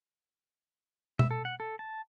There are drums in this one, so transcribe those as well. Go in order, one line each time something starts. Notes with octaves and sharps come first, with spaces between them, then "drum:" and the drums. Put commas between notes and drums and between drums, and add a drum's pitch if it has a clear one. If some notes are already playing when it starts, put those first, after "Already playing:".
E5, drum: tom B2
A4
F#5
A4
A5